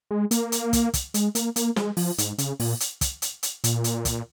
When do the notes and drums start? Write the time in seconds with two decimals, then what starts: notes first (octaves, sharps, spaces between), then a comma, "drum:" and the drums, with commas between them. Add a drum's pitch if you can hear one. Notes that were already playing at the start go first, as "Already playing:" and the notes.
0.11 G#3
0.31 A#3, drum: hi-hat
0.52 drum: hi-hat
0.73 drum: kick, hi-hat
0.94 drum: kick, hi-hat
1.14 G#3, drum: hi-hat
1.35 A#3, drum: hi-hat
1.56 A#3, drum: hi-hat
1.76 G#3, drum: snare
1.97 F3, drum: open hi-hat
2.18 G#2, drum: hi-hat
2.38 C#3, drum: hi-hat
2.60 A#2, drum: open hi-hat
2.80 drum: hi-hat
3.01 drum: kick, hi-hat
3.22 drum: hi-hat
3.43 drum: hi-hat
3.64 A#2, drum: hi-hat
3.84 drum: hi-hat
4.05 drum: kick, hi-hat